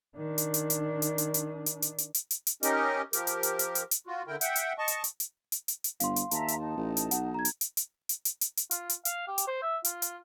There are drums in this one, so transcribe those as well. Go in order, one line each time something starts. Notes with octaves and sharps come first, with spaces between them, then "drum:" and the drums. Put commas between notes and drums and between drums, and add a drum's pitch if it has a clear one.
D#3 D4
drum: hi-hat
drum: hi-hat
drum: hi-hat
drum: hi-hat
drum: hi-hat
drum: hi-hat
drum: hi-hat
drum: hi-hat
drum: hi-hat
drum: hi-hat
drum: hi-hat
drum: hi-hat
C#4 D#4 G4 A#4 D#5, drum: hi-hat
F3 G4 A#4, drum: hi-hat
drum: hi-hat
drum: hi-hat
drum: hi-hat
drum: hi-hat
drum: hi-hat
F4 F#4
D3 E4 A#4 G5
E5 F#5 G5, drum: hi-hat
drum: hi-hat
D#5 A5 C#6
drum: hi-hat
drum: hi-hat
drum: hi-hat
drum: hi-hat
drum: hi-hat
drum: hi-hat
G1 F5 C6, drum: hi-hat
drum: hi-hat
D#2 E5 A5 A#5, drum: hi-hat
drum: hi-hat
D#4 A5
A1
drum: hi-hat
B1 F#5, drum: hi-hat
A#5 G#6
drum: hi-hat
drum: hi-hat
drum: hi-hat
drum: hi-hat
drum: hi-hat
drum: hi-hat
drum: hi-hat
F4, drum: hi-hat
drum: hi-hat
F5, drum: hi-hat
G4
drum: hi-hat
C5
E5
F4, drum: hi-hat
drum: hi-hat